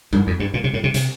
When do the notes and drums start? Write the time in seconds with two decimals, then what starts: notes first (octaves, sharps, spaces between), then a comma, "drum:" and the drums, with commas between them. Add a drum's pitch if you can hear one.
0.13 G2, drum: tom G3
0.27 F2
0.40 G2
0.54 A#2
0.64 C3
0.73 A2
0.84 C3
0.94 C3, drum: hi-hat